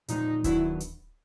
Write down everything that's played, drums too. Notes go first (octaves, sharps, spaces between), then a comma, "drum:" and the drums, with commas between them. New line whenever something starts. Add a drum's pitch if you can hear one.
A#2 F3 G#3 D#4, drum: hi-hat
D#3 F#3 B3 D4 E4, drum: kick D1, hi-hat
drum: hi-hat